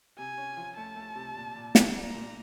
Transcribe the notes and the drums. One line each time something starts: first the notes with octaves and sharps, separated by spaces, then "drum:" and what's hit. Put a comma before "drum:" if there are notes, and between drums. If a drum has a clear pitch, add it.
C3 G#5
C#4
F3
A3 A5
A3
C3
A#2
A#2
G3, drum: snare
G3 A#5
A#2